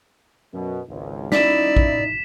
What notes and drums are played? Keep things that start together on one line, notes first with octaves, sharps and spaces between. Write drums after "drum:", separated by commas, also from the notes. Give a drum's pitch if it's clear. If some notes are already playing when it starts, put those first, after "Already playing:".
F#2 B2
G#1 C#2
C#4 D#4 E4 D5 B6 E7, drum: snare
drum: kick A#1